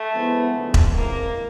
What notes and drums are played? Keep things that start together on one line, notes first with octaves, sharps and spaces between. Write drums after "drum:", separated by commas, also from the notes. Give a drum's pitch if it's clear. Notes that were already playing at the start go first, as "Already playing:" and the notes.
Already playing: A3
F3 G#3 B3 E4
D2 C#3 F3 G#3
drum: kick E1
C3 E3 G#3 A#3